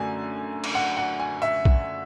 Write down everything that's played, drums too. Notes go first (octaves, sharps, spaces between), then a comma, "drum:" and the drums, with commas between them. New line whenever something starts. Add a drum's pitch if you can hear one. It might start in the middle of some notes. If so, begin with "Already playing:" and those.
Already playing: F#2 D3 A3 G#5
drum: cymbal
F#5
F#5
G#5
E5
drum: kick